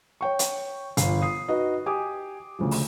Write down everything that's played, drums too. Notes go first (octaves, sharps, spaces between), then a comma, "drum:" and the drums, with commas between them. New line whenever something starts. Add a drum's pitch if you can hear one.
C#5 G5 C#6
drum: hi-hat
G1 F3 C7, drum: hi-hat
D#6 C7
D#4 F#4 B4 D#5
G4 G#5 D6 D#6
D2 C#3 F3
drum: open hi-hat